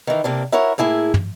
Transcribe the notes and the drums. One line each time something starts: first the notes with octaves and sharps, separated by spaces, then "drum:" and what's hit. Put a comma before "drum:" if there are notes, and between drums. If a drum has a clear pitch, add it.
D#3 E3
C3 A#3 D4
E4 F#4 A#4 C#5
A2 A#3 E4 G#4
drum: tom